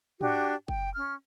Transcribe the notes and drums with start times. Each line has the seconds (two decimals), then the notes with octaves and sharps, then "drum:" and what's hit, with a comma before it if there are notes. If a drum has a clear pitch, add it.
0.21 D4 F#4 G4, drum: tom
0.68 G5, drum: kick F#1
0.95 C#4 F6